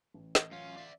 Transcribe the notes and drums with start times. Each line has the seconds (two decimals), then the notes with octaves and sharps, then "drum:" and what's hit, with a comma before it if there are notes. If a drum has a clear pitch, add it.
0.14 A1
0.35 drum: snare
0.52 F#2 C#4 F4
0.77 D5 E5